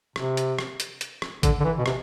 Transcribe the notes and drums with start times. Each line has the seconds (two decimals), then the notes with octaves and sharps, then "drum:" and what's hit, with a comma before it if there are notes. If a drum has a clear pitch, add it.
0.16 C3, drum: rim click
0.37 drum: hi-hat
0.59 drum: rim click
0.80 drum: hi-hat
1.01 drum: hi-hat
1.22 drum: rim click
1.43 D3, drum: kick G#1, hi-hat
1.60 D3
1.64 E3
1.78 B2
1.86 C3, drum: rim click